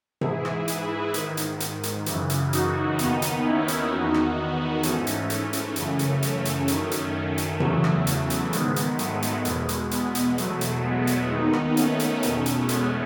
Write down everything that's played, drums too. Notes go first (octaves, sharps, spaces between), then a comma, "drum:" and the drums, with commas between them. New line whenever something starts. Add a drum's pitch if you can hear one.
G#2 E3 E4 G#4, drum: tom C3
drum: rim click
G#4 B4, drum: hi-hat
G#2 D#3, drum: hi-hat
drum: hi-hat
drum: hi-hat
drum: hi-hat
F#2 C#3 E3, drum: hi-hat
drum: hi-hat
D#4 F#4, drum: hi-hat
D#2 D#3 B3 D#4, drum: hi-hat
drum: hi-hat
C#4 E4
drum: hi-hat
E2 D#3 D#4 F#4
drum: rim click
B3 D#4
G#2 E3 A3 C#4, drum: hi-hat
drum: hi-hat
drum: hi-hat
drum: hi-hat
F#2 C#3 E3, drum: hi-hat
drum: hi-hat
A3 C#4, drum: hi-hat
drum: hi-hat
F#2 D#3, drum: hi-hat
drum: hi-hat
drum: hi-hat
E2 C#3 E3 F#3 A3, drum: tom C3
drum: rim click
F#3 A3, drum: hi-hat
drum: hi-hat
G#2 D#3 G#3 B3, drum: hi-hat
drum: hi-hat
F#3 A3, drum: hi-hat
drum: hi-hat
E2 B2 G#3, drum: hi-hat
drum: hi-hat
G#3 B3, drum: hi-hat
drum: hi-hat
E2 B2 F#3 A3, drum: hi-hat
drum: hi-hat
G#3 B3
drum: hi-hat
D#2 D#3 B3 D#4
drum: rim click
A3 C#4, drum: hi-hat
drum: hi-hat
E2 B2, drum: hi-hat
drum: hi-hat
G#3 B3, drum: hi-hat